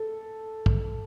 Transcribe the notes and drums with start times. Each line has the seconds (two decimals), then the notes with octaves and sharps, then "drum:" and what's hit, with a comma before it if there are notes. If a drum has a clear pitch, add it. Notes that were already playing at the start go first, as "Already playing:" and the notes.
Already playing: A4
0.66 drum: kick